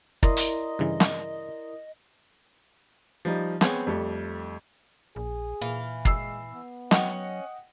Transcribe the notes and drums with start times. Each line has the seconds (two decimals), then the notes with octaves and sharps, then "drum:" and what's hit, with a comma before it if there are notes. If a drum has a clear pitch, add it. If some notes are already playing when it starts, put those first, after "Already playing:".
0.23 E4 A#4 D5 D#5 A#5 C6 D#6, drum: kick
0.37 drum: hi-hat
0.79 G2 C#3 E3
1.00 drum: snare
3.25 F3 G3 D#4
3.61 B3 C4 G#4 C#5, drum: snare
3.87 F2 G3 A3
5.16 A#1 G#4
5.61 A#2 E3 F5
6.05 G#3 E6 C7, drum: kick
6.53 B3
6.91 F#3 C#4 D#5 F#5 G5, drum: snare